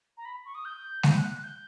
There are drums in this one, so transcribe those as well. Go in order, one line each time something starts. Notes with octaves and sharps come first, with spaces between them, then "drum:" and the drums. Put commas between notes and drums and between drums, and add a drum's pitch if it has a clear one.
A#5
B5
C#6
D#6
G6
F#6, drum: snare G#3
G6
F#6
F#6
G6